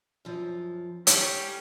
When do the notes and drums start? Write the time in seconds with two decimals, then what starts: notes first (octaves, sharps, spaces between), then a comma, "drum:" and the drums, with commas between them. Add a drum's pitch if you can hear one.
0.25 F#2 F3
1.07 G3 C#4 G4 A4 C#5, drum: hi-hat